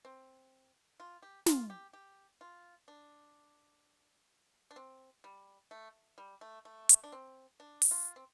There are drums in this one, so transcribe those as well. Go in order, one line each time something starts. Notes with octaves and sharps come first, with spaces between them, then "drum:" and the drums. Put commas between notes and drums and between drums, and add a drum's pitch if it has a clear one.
C4
F4
G4
F4, drum: snare
G4
G4
F4
D4
D4
C4
G3
A3
G3
A3
A3
drum: hi-hat
D4
C4
D4
drum: open hi-hat
F4
C4